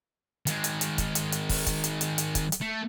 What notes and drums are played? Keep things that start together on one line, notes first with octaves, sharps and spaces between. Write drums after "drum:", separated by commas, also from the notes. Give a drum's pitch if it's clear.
D#3 G#3, drum: hi-hat
drum: hi-hat
drum: hi-hat
drum: kick, hi-hat
drum: hi-hat
drum: hi-hat
drum: kick, open hi-hat
drum: kick, hi-hat
drum: hi-hat
drum: hi-hat
drum: hi-hat
drum: kick, hi-hat
drum: hi-hat
A3